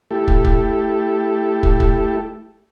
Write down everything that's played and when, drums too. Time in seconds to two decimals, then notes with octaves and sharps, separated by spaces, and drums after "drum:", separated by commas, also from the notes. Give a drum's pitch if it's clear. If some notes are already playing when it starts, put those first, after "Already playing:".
0.11 A3 E4 G4 A4
0.28 drum: kick
0.44 drum: kick
1.63 drum: kick
1.80 drum: kick